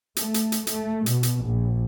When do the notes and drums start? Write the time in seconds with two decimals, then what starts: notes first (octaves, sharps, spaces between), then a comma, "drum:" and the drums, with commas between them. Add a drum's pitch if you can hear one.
0.16 A3, drum: hi-hat
0.34 drum: hi-hat
0.52 drum: hi-hat
0.67 A3, drum: hi-hat
1.06 B2, drum: hi-hat
1.23 drum: hi-hat
1.42 A#1